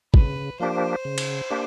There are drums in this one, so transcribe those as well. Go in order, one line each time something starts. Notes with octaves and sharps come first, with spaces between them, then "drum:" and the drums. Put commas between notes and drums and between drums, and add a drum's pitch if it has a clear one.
C#3 B4, drum: kick
F3 A#3 D4 G4 C5
C#3
drum: cymbal
A#3 D4 G4